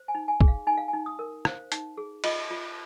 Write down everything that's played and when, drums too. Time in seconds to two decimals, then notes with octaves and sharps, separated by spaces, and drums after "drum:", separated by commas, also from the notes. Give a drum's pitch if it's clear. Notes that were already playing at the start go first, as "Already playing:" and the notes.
Already playing: C5
0.08 G#5
0.15 D#4
0.28 G#5
0.41 G#4, drum: kick
0.48 F5
0.67 D#4 G#5
0.78 F5
0.88 G#5
0.93 D#4
1.06 D#6
1.19 A#4
1.45 C5 F5, drum: rim click
1.72 D#4, drum: hi-hat
1.97 G#4
2.24 F4 D#5, drum: cymbal
2.51 F4